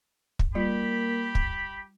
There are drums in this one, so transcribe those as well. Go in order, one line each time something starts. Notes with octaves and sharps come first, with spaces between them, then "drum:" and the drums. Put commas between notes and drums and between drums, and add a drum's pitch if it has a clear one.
drum: kick
G3 A#3 F4 G4 B5
drum: kick